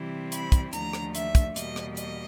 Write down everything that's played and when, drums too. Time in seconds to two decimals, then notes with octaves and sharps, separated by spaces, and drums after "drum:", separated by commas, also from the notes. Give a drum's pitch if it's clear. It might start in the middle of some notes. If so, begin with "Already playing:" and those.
Already playing: C3 E3 G3 C4 E4
0.32 B5, drum: hi-hat
0.52 drum: kick, hi-hat
0.73 D#2 D3 F3 A3 A#5, drum: hi-hat
0.93 drum: rim click
1.15 E5, drum: hi-hat
1.35 drum: kick, hi-hat
1.56 E2 B2 G3 A#3 D#5, drum: hi-hat
1.76 drum: rim click
1.97 D#5, drum: hi-hat